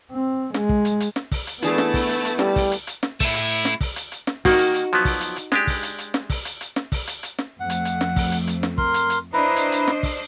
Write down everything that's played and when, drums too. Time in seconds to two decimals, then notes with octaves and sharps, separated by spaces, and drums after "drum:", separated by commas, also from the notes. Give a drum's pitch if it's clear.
0.12 C4
0.54 G#3, drum: snare
0.69 drum: kick
0.85 drum: hi-hat
1.00 drum: hi-hat
1.16 drum: snare
1.32 drum: kick, open hi-hat
1.47 drum: hi-hat
1.62 E3 A3 B3 D4 E4 G#4 A5, drum: hi-hat
1.78 drum: snare
1.94 drum: kick, open hi-hat
2.09 drum: hi-hat
2.25 drum: hi-hat
2.39 G3, drum: snare
2.56 drum: kick, open hi-hat
2.72 drum: hi-hat
2.87 drum: hi-hat
3.03 drum: snare
3.20 A3 E4, drum: kick, open hi-hat
3.34 drum: hi-hat
3.65 drum: snare
3.81 drum: kick, open hi-hat
3.96 drum: hi-hat
4.12 drum: hi-hat
4.27 drum: snare
4.45 D#3 A#3 D#4 F#4, drum: kick, open hi-hat
4.58 drum: hi-hat
4.74 drum: hi-hat
4.93 F3 F#3 B3
5.05 drum: kick, open hi-hat
5.21 drum: hi-hat
5.36 drum: hi-hat
5.52 G#3 D4 G4, drum: snare
5.67 drum: kick, open hi-hat
5.83 drum: hi-hat
5.98 drum: hi-hat
6.14 drum: snare
6.30 drum: kick, open hi-hat
6.45 drum: hi-hat
6.61 drum: hi-hat
6.76 drum: snare
6.92 drum: kick, open hi-hat
7.07 drum: hi-hat
7.23 drum: hi-hat
7.39 drum: snare
7.60 F2 A3 F#5
7.70 drum: hi-hat
7.85 drum: hi-hat
8.01 drum: snare
8.16 drum: kick, open hi-hat
8.32 drum: hi-hat
8.47 drum: hi-hat
8.63 drum: snare
8.78 A#4 C6, drum: kick
8.94 drum: hi-hat
9.10 drum: hi-hat
9.33 D4 E4 B4 C5 D#5 A#5
9.56 drum: hi-hat
9.72 drum: hi-hat
9.88 drum: snare
10.03 drum: kick, open hi-hat